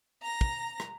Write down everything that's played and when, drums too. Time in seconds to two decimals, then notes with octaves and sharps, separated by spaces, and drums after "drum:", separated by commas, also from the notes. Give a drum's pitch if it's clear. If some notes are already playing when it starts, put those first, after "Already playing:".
0.22 A#5 A#6
0.41 drum: kick
0.80 drum: rim click